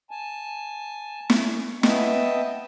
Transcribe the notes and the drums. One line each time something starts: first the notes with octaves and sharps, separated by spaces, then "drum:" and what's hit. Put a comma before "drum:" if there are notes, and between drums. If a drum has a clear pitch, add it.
G#5 A5
drum: snare
B3 D#5 E5 G5 A5, drum: snare